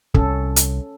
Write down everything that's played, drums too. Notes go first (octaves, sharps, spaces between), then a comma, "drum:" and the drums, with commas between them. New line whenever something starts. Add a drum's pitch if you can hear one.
C2 C#4 A4, drum: kick
drum: hi-hat